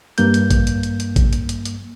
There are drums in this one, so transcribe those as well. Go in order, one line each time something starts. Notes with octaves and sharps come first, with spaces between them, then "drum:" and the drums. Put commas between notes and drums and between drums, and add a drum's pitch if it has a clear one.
G2 A#3 G6, drum: hi-hat
drum: hi-hat
drum: kick A1, hi-hat
drum: hi-hat
drum: hi-hat
drum: hi-hat
drum: kick A1, hi-hat
drum: hi-hat
drum: hi-hat
drum: hi-hat